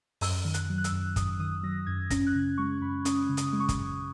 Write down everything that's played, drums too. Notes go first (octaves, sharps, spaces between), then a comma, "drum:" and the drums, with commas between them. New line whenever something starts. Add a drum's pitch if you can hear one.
F#2 E6, drum: open hi-hat
D#3
F#6, drum: hi-hat
F#3
F#6
E6, drum: hi-hat
F#2
F#2 D#6, drum: kick, hi-hat
D#3 D#6
F#3 A#6
F#2 G#6
C#4 A#6, drum: kick, hi-hat
F#6
C#3 G#6
G#3 C#6
F#2 B5
C#4 D#6, drum: hi-hat
C#3
D#6, drum: hi-hat
G#3
C#6
D#6, drum: kick, hi-hat
F#2